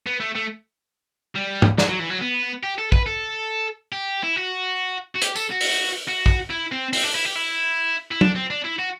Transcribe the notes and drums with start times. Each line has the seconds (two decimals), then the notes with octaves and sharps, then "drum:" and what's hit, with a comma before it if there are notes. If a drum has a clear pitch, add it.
0.07 B3
0.20 A3
0.35 A3
1.35 G3
1.62 drum: tom G#2
1.78 F#3, drum: snare
1.89 F#3
2.00 E3
2.10 F#3
2.22 B3
2.63 G4
2.78 A4
2.92 B4, drum: kick
3.07 A4
3.92 G4
4.23 E4
4.36 F#4
5.15 F#4
5.22 G4, drum: hi-hat
5.36 A4, drum: tambourine
5.50 F#4
5.61 drum: open hi-hat
6.08 F#4
6.26 drum: kick
6.50 E4
6.72 C4
6.93 C4, drum: open hi-hat
7.03 D4
7.15 E4
7.25 G4
7.36 E4
8.11 E4
8.21 D4, drum: tom
8.35 C4
8.50 D4
8.65 E4
8.79 F#4